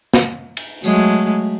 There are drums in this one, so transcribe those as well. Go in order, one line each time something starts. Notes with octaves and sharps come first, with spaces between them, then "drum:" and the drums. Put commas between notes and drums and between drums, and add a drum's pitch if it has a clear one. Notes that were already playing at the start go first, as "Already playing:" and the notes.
drum: snare
drum: cymbal
F#3 G#3 A3, drum: tambourine